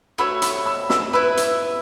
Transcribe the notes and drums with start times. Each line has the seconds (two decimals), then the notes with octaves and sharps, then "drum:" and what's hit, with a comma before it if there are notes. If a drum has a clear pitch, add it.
0.18 A3 F#4 C#5 B5 E6
0.42 B5 E6, drum: hi-hat
0.66 B5 E6
0.90 B5 E6, drum: snare
1.13 E4 B4 E5 B5 E6
1.37 drum: hi-hat